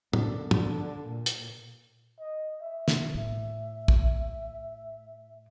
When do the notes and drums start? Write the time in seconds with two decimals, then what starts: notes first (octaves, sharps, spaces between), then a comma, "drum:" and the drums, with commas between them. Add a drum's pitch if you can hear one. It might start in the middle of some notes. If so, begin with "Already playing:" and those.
0.13 F#2 D3, drum: tom
0.51 D3, drum: tom
1.07 A#2
1.26 drum: hi-hat
2.19 D#5
2.61 E5
2.88 drum: snare
3.14 A2 E5
3.88 drum: kick